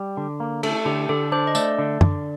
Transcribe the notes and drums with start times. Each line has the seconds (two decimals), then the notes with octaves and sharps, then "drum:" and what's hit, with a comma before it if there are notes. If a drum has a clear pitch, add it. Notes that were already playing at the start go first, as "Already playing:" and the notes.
Already playing: G3
0.17 D3
0.40 A#3
0.63 A3 A4, drum: cymbal
0.85 D3 G4
1.09 D3 A4
1.32 D4 C5
1.47 D#5
1.55 A3 D5, drum: tambourine
1.79 D3
2.01 D3, drum: tom F#2